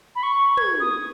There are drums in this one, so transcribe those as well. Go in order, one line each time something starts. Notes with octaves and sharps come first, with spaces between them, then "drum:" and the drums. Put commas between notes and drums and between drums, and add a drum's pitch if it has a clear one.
B5
C#6
G#6, drum: tom
D#6